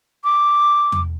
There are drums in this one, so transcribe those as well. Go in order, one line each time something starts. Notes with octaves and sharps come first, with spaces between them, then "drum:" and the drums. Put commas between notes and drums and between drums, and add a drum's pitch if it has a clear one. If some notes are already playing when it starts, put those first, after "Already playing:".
D6
drum: tom E2